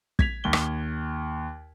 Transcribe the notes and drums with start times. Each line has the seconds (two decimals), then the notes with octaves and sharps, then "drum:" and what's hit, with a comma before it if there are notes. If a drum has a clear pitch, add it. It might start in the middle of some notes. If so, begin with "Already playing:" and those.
0.19 G#6 B6 F7, drum: kick
0.44 D#2 G7
0.53 drum: rim click